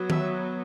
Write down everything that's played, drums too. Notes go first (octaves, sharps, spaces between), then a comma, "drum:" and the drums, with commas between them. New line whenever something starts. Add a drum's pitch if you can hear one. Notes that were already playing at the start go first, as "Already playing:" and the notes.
Already playing: F#3 B3
E5, drum: tom D#3